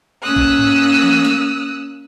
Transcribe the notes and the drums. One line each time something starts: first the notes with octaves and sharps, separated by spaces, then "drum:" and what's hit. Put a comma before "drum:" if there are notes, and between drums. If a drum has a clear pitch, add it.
A#3 C#4 D#6 E6 F#6
drum: kick
drum: tom G#2
drum: tom E3
drum: snare